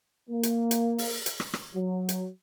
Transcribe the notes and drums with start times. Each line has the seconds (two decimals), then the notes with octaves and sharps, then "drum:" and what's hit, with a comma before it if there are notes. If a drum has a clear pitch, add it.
0.30 A#3
0.43 drum: hi-hat
0.71 drum: hi-hat
0.98 drum: open hi-hat
1.26 drum: hi-hat
1.40 drum: rim click
1.53 drum: rim click
1.75 F#3
2.09 drum: hi-hat